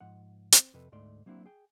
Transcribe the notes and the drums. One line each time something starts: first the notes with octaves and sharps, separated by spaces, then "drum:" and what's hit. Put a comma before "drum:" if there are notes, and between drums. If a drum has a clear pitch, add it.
G#2 F3 F#5
C4, drum: hi-hat
F2 C3 A4 B4
D2 G#2 A3 D5 C6
F#3 A#3 C4 D4 E4
G#4 G5